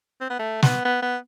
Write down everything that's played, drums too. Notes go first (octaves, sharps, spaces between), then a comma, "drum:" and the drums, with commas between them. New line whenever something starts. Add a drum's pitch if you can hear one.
C4
B3
A3
B3, drum: snare
B3
B3